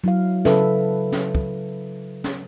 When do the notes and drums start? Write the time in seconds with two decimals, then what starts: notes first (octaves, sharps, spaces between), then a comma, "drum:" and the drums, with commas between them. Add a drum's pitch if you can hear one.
0.04 F#3 E4 F5
0.45 C#3 A4 B4 E5, drum: snare
1.12 drum: snare
1.35 drum: kick
2.24 drum: snare